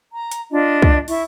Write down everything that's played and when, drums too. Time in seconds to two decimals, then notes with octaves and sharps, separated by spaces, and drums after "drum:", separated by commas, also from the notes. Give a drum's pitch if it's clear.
0.11 A#5
0.32 drum: hi-hat
0.51 D4 F4 D#5
0.82 drum: kick
1.08 E4 E5 C#6, drum: open hi-hat